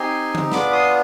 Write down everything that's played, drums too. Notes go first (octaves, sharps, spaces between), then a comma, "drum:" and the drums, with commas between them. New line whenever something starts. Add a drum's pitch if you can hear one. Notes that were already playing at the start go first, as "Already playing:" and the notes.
Already playing: C4 D#4 G4 G#5 C6
drum: tom D3
B3 D4 F4 B5 D6, drum: snare
C6 D#6